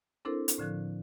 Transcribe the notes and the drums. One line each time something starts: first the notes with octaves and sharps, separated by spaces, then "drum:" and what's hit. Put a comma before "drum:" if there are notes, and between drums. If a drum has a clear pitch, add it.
C4 D4 E4 A4 A#4 C5
drum: hi-hat
A2 D3 F3 F#6